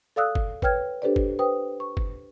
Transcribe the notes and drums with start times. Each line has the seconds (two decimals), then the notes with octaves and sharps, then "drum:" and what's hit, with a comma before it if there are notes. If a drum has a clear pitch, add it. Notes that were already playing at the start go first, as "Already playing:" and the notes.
0.16 A4 D5 F5 D#6 E6 F#6
0.35 drum: kick G1
0.62 B4 C#5 G5 F6 G#6, drum: kick G1
1.02 D4 G4 A4 B4 C5 D5
1.16 drum: kick G1
1.39 B4 C5 G5 D#6
1.80 C#6
1.97 drum: kick G1